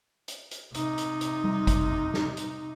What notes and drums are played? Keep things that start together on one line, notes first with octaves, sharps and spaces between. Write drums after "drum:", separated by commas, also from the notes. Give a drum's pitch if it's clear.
drum: hi-hat
drum: hi-hat
C3 D#4, drum: hi-hat
drum: hi-hat
drum: hi-hat
drum: tom G3
drum: kick G#1, hi-hat
drum: tom F2
drum: snare
drum: hi-hat